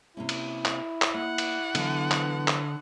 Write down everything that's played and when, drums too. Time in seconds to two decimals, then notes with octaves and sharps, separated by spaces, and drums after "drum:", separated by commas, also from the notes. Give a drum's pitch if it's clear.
0.17 C3 A#3 C#4 E4
0.29 drum: cymbal
0.65 drum: clap
1.02 drum: clap
1.14 A#3 F#5
1.38 drum: cymbal
1.75 D3 E3 F#3 B3, drum: cymbal
2.11 drum: clap
2.48 drum: clap